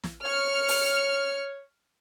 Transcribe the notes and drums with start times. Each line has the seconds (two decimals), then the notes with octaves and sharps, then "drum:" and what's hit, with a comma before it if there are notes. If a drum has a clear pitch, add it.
0.04 drum: snare
0.24 C#5 F6 C#7
0.68 drum: open hi-hat